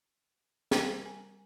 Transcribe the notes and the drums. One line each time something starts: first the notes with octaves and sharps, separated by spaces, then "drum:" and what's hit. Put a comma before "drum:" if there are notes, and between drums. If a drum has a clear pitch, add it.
G3 A#4 G#5 A#5, drum: snare
G#5